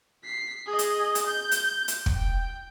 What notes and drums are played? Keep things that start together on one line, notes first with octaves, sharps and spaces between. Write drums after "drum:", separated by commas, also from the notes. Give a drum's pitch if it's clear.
B6 C7
G#4 D#5
drum: hi-hat
drum: hi-hat
G6
drum: hi-hat
drum: hi-hat
drum: kick
G5